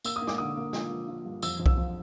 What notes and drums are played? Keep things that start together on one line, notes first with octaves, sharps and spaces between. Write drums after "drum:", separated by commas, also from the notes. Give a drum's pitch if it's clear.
A#3 E6, drum: tambourine
D#6
A#3
D6, drum: snare
D3 D#6
A#3
F3, drum: snare
F3
F3
G2
F2 E6, drum: tambourine
F2
E6, drum: kick
F2